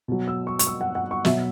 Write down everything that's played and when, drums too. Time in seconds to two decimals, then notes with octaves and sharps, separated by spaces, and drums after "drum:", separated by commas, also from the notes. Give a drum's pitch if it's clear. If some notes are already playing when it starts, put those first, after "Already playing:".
0.08 B2 F#3
0.28 E6
0.47 C#6
0.59 C#6, drum: hi-hat
0.67 E6
0.81 F#5
0.95 F#5
1.11 C#6
1.25 B2 F#3 E5, drum: snare